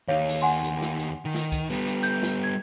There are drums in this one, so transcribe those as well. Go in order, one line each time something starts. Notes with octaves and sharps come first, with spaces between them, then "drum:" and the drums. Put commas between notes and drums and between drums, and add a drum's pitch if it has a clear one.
D#2 D#4 C#5 F5
drum: open hi-hat
F#5 G#5 C6
drum: hi-hat
drum: snare
drum: hi-hat
D#3
drum: snare
drum: kick C2, hi-hat
G3 B3, drum: open hi-hat
drum: hi-hat
G6, drum: hi-hat
drum: snare
G#6